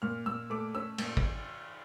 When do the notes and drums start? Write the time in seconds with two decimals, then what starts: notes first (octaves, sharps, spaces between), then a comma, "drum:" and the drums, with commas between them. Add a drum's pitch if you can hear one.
0.02 A#2 F6
0.26 A#2 E6
0.50 A3 D6
0.75 C#4 E6
0.98 A#2, drum: cymbal
1.17 drum: kick